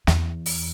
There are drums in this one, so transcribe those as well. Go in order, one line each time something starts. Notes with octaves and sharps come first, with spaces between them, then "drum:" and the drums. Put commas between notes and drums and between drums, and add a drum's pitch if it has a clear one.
E2, drum: snare
drum: open hi-hat